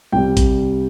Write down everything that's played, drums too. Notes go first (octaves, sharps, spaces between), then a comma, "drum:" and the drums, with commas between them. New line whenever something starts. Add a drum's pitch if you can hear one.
C2 C3 G3 G5
drum: kick A1, hi-hat